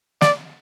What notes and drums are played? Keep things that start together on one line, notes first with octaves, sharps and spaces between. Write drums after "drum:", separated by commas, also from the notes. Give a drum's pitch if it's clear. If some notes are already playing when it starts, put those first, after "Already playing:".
D5, drum: snare